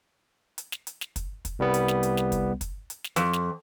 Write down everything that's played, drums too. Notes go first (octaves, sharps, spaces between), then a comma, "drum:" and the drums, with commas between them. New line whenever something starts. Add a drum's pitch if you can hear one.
drum: hi-hat
drum: snare
drum: hi-hat
drum: snare
drum: kick, hi-hat
drum: kick, hi-hat
C2 G3 B3
drum: hi-hat
drum: snare
drum: hi-hat
drum: snare
drum: kick, hi-hat
drum: kick, hi-hat
drum: hi-hat
drum: snare
F2, drum: hi-hat
drum: snare